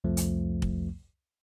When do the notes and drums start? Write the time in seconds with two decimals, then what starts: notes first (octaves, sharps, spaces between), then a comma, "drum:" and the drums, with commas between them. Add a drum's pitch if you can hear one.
0.04 C2 F2 F3 A3
0.17 drum: hi-hat
0.62 drum: kick